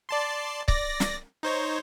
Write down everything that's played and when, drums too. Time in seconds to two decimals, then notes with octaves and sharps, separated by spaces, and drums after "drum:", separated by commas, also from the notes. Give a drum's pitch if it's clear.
0.09 D5 A5 C6
0.68 D5 A#6, drum: kick C#1
1.00 drum: snare
1.43 D#4 C5 C#5